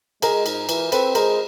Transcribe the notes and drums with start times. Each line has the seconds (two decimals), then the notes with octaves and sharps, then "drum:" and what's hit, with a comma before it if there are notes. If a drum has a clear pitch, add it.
0.22 G#3 G#4 A#4, drum: cymbal
0.46 G#2, drum: cymbal
0.69 E3, drum: cymbal
0.92 C4 A4 B4, drum: cymbal
1.15 G#3 A#4 C5, drum: cymbal